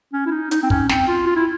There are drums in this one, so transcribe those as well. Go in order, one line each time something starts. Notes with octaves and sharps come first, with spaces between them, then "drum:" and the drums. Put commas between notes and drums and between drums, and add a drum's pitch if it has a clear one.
C#4
E4
D#4
D#4, drum: hi-hat
C4
C#4, drum: kick
C4, drum: snare
F4
F4
E4